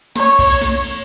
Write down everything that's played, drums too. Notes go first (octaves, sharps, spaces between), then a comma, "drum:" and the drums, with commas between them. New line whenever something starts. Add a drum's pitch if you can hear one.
C#5, drum: snare
drum: kick B1, cymbal
drum: snare
drum: cymbal